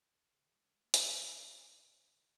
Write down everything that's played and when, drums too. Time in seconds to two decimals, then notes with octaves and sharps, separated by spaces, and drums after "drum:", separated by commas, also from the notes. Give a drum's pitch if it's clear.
0.31 C#3
0.42 D#3
0.52 G#3
0.63 C#4
0.73 G#3
0.83 A#3
0.94 C#3, drum: hi-hat
1.04 D#3
1.14 A#2
1.24 G#2
1.41 A#2
1.55 A#2
1.87 C#3